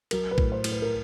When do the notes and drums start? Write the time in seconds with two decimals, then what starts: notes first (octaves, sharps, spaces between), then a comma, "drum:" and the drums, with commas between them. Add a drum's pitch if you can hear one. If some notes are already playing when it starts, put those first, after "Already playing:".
0.11 F#3 A#4, drum: cymbal
0.31 B4
0.38 A2, drum: kick A#1
0.52 C5
0.64 A2, drum: cymbal
0.72 B4
0.82 A#4